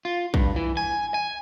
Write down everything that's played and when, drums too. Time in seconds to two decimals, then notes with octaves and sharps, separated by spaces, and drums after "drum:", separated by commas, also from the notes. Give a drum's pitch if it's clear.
0.05 F4
0.34 G2, drum: kick A#1
0.56 E3
0.77 G#5
1.14 G#5